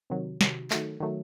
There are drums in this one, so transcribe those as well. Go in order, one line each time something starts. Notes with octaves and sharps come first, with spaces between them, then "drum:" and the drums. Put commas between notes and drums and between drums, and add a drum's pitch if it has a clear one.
C3 D#3 F#3
C3 D#3 F#3, drum: snare
D#3 F#3 A3, drum: clap
D#3 F#3 A3